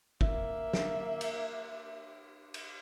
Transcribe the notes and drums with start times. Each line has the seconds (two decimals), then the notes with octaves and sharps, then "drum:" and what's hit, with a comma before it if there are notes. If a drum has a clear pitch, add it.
0.21 A#3 E5, drum: kick
0.73 drum: snare
1.21 drum: cymbal
2.54 drum: cymbal